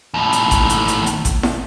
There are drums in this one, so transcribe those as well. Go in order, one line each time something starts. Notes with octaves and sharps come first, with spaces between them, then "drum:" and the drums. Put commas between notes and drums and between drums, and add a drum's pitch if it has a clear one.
D#2 A2
drum: hi-hat
drum: kick G#1, hi-hat
drum: hi-hat
drum: hi-hat
drum: hi-hat
drum: kick G#1, hi-hat
drum: snare E4